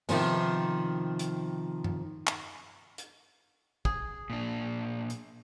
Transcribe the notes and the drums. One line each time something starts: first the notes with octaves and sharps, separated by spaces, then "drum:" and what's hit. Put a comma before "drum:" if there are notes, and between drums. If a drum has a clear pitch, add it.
C3 D#3 F3 B3, drum: cymbal
drum: hi-hat
drum: tom G2
drum: clap
drum: hi-hat
G#4, drum: kick
A#2 D4
drum: hi-hat